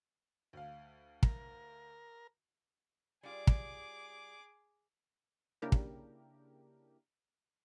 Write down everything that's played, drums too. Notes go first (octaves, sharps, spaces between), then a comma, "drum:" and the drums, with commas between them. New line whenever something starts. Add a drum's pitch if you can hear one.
D2 F5
A#4, drum: kick
G3 F4 G#4 D6
drum: kick
C#3 A#3 D4 E4 G4 A#4
drum: kick